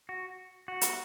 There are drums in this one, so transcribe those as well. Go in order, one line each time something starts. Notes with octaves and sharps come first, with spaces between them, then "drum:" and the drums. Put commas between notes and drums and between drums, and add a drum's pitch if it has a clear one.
F#4
F#4
drum: hi-hat